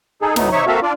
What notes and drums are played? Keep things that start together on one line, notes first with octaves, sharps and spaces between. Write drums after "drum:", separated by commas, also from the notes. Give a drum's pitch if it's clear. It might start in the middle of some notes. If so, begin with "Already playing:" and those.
D#4 G#4 A4
D2 A2 A3 B3 D#4, drum: snare
C3 D#4 C#5 E5 C#6
A#3 C4 F#4 A4 E5 F5
D4 F4 D5